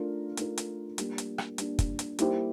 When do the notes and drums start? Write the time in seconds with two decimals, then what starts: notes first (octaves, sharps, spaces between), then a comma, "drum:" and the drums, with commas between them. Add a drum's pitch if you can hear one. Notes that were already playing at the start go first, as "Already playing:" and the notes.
Already playing: A3 D4 F4 A#4
0.37 A3 D4 F4 A#4, drum: hi-hat
0.58 drum: hi-hat
0.98 G3 A#3 D4, drum: hi-hat
1.18 drum: hi-hat
1.38 drum: rim click
1.58 G3 A#3 D4, drum: hi-hat
1.79 drum: kick, hi-hat
1.99 drum: hi-hat
2.19 G3 A#3 E4 G4 C5, drum: hi-hat